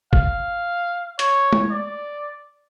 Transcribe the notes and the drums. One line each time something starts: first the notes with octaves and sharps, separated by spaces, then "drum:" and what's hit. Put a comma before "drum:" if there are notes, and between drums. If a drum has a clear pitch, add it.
F5, drum: kick
C#5, drum: hi-hat
drum: tom G#3
D5